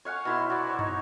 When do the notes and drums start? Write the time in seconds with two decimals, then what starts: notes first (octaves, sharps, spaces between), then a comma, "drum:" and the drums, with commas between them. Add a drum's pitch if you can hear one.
0.05 C#5 F5 F#5 G#5
0.25 B2 E4 C6
0.50 F#4 D5
0.67 C5 C#5
0.79 D#4, drum: tom